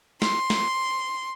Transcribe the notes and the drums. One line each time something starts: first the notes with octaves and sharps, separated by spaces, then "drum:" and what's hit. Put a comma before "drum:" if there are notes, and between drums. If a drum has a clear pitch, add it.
C6, drum: snare
drum: snare